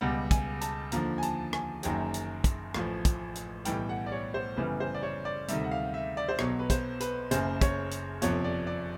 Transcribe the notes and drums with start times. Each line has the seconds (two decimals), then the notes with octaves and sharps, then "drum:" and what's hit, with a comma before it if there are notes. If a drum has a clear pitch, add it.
0.01 C#2 B2 G3 F#5
0.31 G#5, drum: kick, hi-hat
0.61 A5, drum: hi-hat
0.92 D#2 D3 F3 A#5, drum: hi-hat
1.18 G#5
1.23 A5, drum: hi-hat
1.53 G#5, drum: rim click
1.83 F#1 F#2 D#3 F#3 G5, drum: hi-hat
2.14 drum: hi-hat
2.44 drum: kick, hi-hat
2.74 A1 A2 F3, drum: rim click
3.05 drum: kick, hi-hat
3.35 drum: hi-hat
3.65 B1 A2 E3 G3 G5, drum: hi-hat
3.89 F#5
4.06 D5
4.12 C#5
4.34 C5
4.56 G1 F#2 C#3 E3 G3 B4
4.80 C5
4.95 D5
5.03 C#5
5.25 D5
5.48 D2 C3 D#3 G3 E5, drum: hi-hat
5.64 F#5
5.71 F5
5.94 E5
6.17 D5
6.29 C5
6.39 B1 B2 F#3 C#5, drum: rim click
6.59 B4
6.70 C5, drum: kick, hi-hat
7.00 B4, drum: hi-hat
7.31 F#1 F#2 C#3 C5, drum: hi-hat
7.61 C#5, drum: kick, hi-hat
7.91 drum: hi-hat
8.22 G1 F2 C3 F3 C#5, drum: hi-hat
8.44 D5
8.67 D5